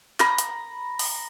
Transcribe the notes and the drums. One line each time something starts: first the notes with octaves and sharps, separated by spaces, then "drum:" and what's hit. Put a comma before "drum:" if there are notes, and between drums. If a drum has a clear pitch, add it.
A#5 B5, drum: clap
drum: hi-hat
drum: open hi-hat